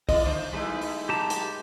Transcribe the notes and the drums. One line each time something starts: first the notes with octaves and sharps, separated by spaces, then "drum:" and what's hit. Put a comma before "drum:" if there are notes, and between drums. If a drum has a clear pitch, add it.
E4 D5 D#5, drum: kick, open hi-hat
D3 A#3 C5
F#3 G#3 A3 B3 D#4 E4
drum: open hi-hat
G4 A5 A#5
drum: hi-hat